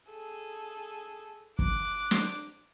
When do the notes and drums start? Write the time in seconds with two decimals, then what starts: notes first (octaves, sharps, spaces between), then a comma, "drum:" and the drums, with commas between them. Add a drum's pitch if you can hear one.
0.10 G#4 A4
1.59 D6 F#6, drum: kick
2.11 drum: snare